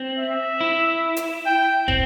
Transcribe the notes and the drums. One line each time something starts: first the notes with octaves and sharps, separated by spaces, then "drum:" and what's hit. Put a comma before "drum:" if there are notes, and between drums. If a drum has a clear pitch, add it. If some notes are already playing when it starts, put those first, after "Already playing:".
Already playing: C4
E5
E4
drum: hi-hat
G5
C4, drum: kick